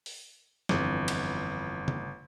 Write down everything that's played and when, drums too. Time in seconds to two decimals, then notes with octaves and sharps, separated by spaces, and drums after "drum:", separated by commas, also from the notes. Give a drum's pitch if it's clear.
0.06 drum: open hi-hat
0.69 G1 F2 E3, drum: snare
1.08 drum: cymbal
1.88 drum: tom C#3